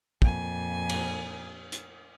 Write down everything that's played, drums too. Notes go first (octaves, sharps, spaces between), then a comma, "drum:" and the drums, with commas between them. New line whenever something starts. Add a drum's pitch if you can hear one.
F2 A#2 G#5, drum: kick
drum: cymbal
drum: hi-hat